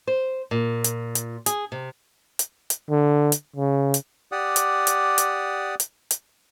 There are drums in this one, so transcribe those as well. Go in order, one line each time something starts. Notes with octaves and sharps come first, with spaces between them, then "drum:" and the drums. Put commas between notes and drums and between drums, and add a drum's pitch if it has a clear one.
C5
A#2
drum: hi-hat
drum: hi-hat
G#4, drum: hi-hat
C3
drum: hi-hat
drum: hi-hat
D3
drum: hi-hat
C#3
drum: hi-hat
G4 D5 F#5 D#6
drum: hi-hat
drum: hi-hat
drum: hi-hat
drum: hi-hat
drum: hi-hat